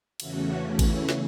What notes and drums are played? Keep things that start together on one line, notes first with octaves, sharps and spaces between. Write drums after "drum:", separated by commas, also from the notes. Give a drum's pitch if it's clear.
E2 C#3 E3 A3 C#4 F#4, drum: cymbal
E4
drum: kick A1, cymbal
drum: snare